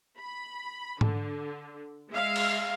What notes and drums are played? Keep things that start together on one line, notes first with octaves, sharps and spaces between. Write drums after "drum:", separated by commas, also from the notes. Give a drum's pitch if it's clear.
B5
D3, drum: tom G#2
G#3 E5 F5
drum: cymbal